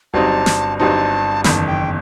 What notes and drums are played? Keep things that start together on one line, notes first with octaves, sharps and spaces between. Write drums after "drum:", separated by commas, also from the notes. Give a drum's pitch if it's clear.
G1 G2 F#3 C4 D#4 A5
drum: snare
G1 G2 F#3 C4 D#4 A5
F#1 E2 D#3 B5, drum: snare
A5
G5